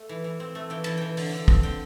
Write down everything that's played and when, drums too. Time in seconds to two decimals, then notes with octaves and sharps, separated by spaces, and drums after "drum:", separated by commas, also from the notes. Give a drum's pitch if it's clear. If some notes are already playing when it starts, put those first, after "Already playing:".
Already playing: A3
0.09 E3
0.24 E3
0.40 C4
0.55 A3
0.70 E3 G5
0.84 E3 A5, drum: cymbal
0.98 E3 G5
1.17 D3, drum: open hi-hat
1.32 D3
1.48 C4, drum: kick
1.63 D3 G5